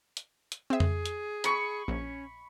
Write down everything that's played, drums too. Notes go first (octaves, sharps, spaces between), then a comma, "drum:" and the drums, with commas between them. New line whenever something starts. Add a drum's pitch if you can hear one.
drum: hi-hat
drum: hi-hat
C4 G#4 E5
drum: tom F2
drum: hi-hat
B5 C#6, drum: hi-hat
A#1 C#4